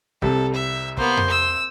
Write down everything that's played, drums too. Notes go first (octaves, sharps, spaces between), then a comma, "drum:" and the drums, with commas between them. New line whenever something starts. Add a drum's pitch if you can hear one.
C2 C3 G3 A4, drum: kick
E5
A#3 B3 C5, drum: kick
drum: tom F2
E6